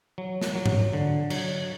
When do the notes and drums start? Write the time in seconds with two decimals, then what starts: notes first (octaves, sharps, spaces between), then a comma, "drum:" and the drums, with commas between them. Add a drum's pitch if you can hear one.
0.18 F#3
0.41 drum: snare
0.55 F#3
0.66 drum: tom G#2
0.93 D3
1.30 F#3, drum: cymbal